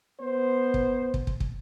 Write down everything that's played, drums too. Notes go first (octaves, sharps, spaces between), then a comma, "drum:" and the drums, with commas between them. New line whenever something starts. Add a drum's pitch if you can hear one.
B3 C5
drum: kick
drum: kick
drum: kick
drum: kick